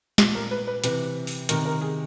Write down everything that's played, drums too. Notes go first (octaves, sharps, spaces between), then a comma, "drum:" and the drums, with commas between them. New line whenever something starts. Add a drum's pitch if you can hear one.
A#2, drum: snare
A#4
B4
B4
C3 E3 B4, drum: hi-hat
drum: open hi-hat
C3 D#3 A#4, drum: hi-hat
A#4
G#4